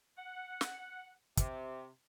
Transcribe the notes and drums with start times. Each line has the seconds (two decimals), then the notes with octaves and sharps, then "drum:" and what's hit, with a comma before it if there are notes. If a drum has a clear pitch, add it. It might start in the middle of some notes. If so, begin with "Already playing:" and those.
0.17 F#5
0.61 drum: snare
1.37 C3, drum: kick, hi-hat